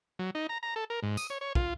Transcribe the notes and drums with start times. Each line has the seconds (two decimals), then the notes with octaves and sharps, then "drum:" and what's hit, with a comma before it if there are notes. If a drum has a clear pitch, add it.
0.19 F#3
0.35 D#4
0.49 A#5
0.63 A#5
0.76 A4
0.90 A#4
1.03 G#2
1.17 D#6, drum: tambourine
1.30 C#5
1.41 C#5
1.55 F4, drum: kick